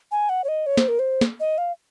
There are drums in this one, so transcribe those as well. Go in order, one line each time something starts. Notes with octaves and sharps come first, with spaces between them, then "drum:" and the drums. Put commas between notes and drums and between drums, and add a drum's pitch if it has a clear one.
G#5
F#5
C#5
D#5
C#5
C5, drum: snare
A#4
C5
drum: snare
D#5
F5